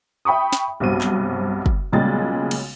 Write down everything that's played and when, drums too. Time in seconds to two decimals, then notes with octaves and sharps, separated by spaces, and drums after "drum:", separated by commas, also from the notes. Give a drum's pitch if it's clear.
0.25 E5 G5 B5 C#6 D#6
0.53 drum: snare
0.80 B1 G2 C3 F#4 C5 D#7
1.01 drum: clap
1.66 drum: kick
1.92 B1 A#2 C#3 G3 G#3 A6
2.51 drum: cymbal